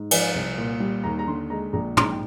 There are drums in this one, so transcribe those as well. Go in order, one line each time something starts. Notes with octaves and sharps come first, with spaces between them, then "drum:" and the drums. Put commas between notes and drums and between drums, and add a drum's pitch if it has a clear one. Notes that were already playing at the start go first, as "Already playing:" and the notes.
Already playing: G#2
F3 G#5, drum: cymbal
C2
A#2
G3
D#2 A#5
A#5
D3 C6
G#3 A#5
A#1 A#5
G#2 A#5, drum: tom
G5